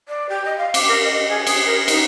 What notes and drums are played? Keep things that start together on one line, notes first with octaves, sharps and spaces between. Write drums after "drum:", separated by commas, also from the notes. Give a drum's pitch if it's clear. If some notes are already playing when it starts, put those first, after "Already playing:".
D5
G4
D#5
F5
D6, drum: cymbal
A#4
D#5
G#4
D#6, drum: cymbal
A#4
D#4, drum: cymbal